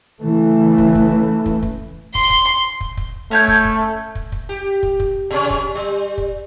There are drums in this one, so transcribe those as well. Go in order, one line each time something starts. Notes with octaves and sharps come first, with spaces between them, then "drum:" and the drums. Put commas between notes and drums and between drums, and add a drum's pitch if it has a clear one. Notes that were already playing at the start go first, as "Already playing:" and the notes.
C#3 E3 A3
drum: kick
drum: kick
drum: kick
drum: kick
C6, drum: kick
drum: kick
drum: kick
drum: kick
A3 C#4 C#5 G6
drum: kick
drum: kick
drum: kick
drum: kick
G4
drum: kick
drum: kick
B2 C#4
drum: kick
G3
drum: kick